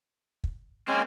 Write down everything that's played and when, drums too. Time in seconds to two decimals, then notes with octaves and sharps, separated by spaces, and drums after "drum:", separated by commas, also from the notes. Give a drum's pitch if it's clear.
0.44 drum: kick
0.88 G#3 A#3 C4 C#4 G#5